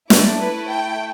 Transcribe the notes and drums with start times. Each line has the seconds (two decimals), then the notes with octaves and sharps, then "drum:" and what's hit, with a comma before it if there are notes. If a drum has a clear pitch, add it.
0.10 A3 E4 A4 D5, drum: snare
0.40 B4
0.70 G5